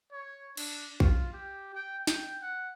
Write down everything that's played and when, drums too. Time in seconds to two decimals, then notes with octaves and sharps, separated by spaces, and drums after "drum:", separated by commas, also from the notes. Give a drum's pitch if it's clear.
0.12 C#5
0.57 D4, drum: cymbal
1.00 F4, drum: kick A#1
1.33 G4
1.75 G5
2.07 G5, drum: snare
2.42 F#5